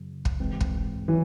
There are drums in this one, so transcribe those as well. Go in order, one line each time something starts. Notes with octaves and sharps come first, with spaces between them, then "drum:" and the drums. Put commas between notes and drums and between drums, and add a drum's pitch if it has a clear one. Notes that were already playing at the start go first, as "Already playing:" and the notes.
Already playing: F#2 C#3 F#3
drum: kick
G#2 E3 G#3 C4
drum: kick
E3 F#3